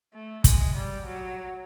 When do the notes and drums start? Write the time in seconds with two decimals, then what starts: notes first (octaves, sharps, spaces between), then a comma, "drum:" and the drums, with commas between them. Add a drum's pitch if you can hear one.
0.14 A3
0.44 G#3, drum: kick, hi-hat
0.75 G3
1.06 F#3